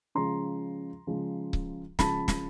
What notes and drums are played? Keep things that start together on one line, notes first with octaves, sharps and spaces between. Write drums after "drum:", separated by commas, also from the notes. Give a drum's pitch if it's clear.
C#3 F3 G#3 A#5 C6
C#3 F3 G#3
drum: kick C#1
C#3 F3 G#3 A5 B5, drum: snare
drum: snare